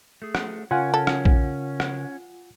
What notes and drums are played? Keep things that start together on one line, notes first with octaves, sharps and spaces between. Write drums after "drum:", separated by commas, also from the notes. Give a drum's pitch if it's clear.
A3 G#4
drum: rim click
C#3 C#4 F4 A#4 F#5 G#5
C#4 A4
drum: rim click
drum: kick A#1
drum: rim click